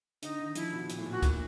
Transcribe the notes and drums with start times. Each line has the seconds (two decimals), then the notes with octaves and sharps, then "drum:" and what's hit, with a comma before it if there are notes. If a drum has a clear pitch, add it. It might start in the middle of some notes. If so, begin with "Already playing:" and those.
0.22 D3 D#4, drum: hi-hat
0.39 D#3
0.55 F3 E4, drum: hi-hat
0.72 B2
0.85 B2
0.89 A#2, drum: hi-hat
0.98 A2
1.06 A#2
1.11 F#4
1.22 A#2, drum: kick, hi-hat